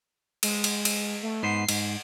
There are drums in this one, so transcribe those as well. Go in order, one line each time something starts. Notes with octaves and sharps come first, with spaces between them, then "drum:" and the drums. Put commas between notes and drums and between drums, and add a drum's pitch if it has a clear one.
G#3, drum: cymbal
drum: cymbal
drum: cymbal
A3
G#2 B3 C5 C7
G#2, drum: cymbal